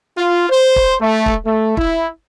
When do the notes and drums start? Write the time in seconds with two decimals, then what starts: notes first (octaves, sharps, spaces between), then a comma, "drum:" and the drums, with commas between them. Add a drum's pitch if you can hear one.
0.17 F4
0.50 C5
0.76 drum: kick
1.01 A3
1.26 drum: kick
1.45 A3
1.77 E4, drum: kick